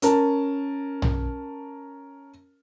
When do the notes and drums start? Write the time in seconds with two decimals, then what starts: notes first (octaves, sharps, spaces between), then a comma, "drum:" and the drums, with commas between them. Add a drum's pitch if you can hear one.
0.02 C#4 A#4 A5, drum: hi-hat
1.02 drum: tom